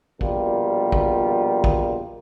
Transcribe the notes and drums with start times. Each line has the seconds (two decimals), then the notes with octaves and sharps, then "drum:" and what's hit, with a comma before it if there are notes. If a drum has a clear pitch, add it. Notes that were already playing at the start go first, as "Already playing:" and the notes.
0.21 A#1 B2 G3 F4 A#4, drum: kick
0.92 drum: kick
1.64 drum: kick